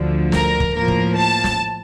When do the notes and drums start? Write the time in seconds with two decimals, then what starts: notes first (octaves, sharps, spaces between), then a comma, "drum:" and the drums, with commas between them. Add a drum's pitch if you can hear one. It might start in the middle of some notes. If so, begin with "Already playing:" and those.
Already playing: D2 D3 F3
0.32 A#4, drum: snare
0.60 drum: kick
0.74 A2 F3 A#3 A#4
0.88 drum: kick
1.15 A5
1.44 drum: snare